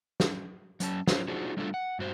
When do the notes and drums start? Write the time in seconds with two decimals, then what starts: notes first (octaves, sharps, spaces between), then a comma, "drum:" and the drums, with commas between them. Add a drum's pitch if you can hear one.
0.20 drum: snare
0.80 F#3 C#4 A5, drum: hi-hat
1.07 F4 A#4 C5 C#5 F5, drum: snare
1.28 D4 D#4 F4 F#4 G#4 C5
1.57 G3 A3 D4 F4 A4
1.74 F#5
1.99 G2 F#4 C5